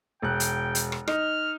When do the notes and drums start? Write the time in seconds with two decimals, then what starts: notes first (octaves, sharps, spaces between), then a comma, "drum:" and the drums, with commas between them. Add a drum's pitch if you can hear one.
0.22 E1 G5 F#6
0.40 drum: hi-hat
0.75 drum: hi-hat
0.92 drum: rim click
1.08 D#4 F6, drum: rim click